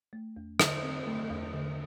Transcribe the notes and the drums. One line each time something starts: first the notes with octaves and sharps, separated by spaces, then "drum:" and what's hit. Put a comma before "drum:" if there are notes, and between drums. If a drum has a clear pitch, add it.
A3
E2
D3, drum: rim click
C4
A3
E2
D3